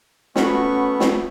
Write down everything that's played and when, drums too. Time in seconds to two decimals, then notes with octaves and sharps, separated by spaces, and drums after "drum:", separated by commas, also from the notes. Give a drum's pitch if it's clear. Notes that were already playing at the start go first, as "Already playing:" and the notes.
0.36 A3 B3 C#4 F#4 B5 C#6, drum: snare
1.00 drum: snare